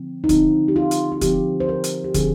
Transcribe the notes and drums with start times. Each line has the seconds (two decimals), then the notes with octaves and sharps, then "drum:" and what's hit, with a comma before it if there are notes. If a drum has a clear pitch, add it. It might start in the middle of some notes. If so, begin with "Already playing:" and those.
Already playing: D3 F3 C4
0.24 D#4
0.29 D3 F3 C4 F4, drum: kick, hi-hat
0.68 G4
0.76 F4
0.91 drum: hi-hat
1.12 F4
1.21 D3 F3 C4 G4, drum: kick, hi-hat
1.60 C5
1.69 A#4
1.84 drum: hi-hat
2.04 G4
2.14 D3 F3 C4 G#4, drum: kick, hi-hat